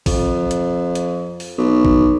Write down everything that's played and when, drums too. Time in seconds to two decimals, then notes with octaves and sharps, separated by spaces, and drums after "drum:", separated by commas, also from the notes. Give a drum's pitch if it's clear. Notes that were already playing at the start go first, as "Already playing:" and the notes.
0.06 F2, drum: kick, open hi-hat
0.51 drum: hi-hat
0.95 drum: hi-hat
1.40 drum: open hi-hat
1.58 B1
1.85 drum: kick